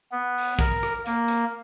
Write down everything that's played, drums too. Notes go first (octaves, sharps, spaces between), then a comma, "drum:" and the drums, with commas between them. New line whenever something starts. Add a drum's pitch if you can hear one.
B3
drum: open hi-hat
A#4, drum: kick, hi-hat
drum: rim click
A#3, drum: hi-hat
drum: hi-hat